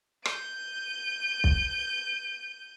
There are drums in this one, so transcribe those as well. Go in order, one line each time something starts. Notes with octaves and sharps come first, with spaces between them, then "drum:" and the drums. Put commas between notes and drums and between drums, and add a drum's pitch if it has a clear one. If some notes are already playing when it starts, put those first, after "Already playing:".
G6 D#7, drum: rim click
drum: kick